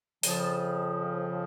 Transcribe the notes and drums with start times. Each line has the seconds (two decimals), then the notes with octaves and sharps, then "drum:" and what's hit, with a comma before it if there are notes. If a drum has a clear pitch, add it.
0.23 F2 C#3 F3 A5, drum: open hi-hat